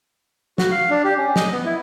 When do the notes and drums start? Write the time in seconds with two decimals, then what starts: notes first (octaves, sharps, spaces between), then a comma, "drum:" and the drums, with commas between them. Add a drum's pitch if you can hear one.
0.58 F#4, drum: snare
0.71 F5
0.90 D4
1.04 G4
1.17 C#4
1.36 D#5, drum: snare
1.52 B3
1.65 E4